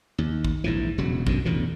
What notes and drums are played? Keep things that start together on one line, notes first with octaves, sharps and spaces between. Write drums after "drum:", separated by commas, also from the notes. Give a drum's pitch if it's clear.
D#2
drum: kick
A#1 G#2 E3
E1 C#3 F#3
F#2 B2 D3, drum: kick
A1 E2 B2 D3